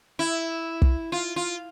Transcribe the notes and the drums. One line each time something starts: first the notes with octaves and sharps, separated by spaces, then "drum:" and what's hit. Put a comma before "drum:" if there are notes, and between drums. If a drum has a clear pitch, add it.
E4
drum: kick
F4
F4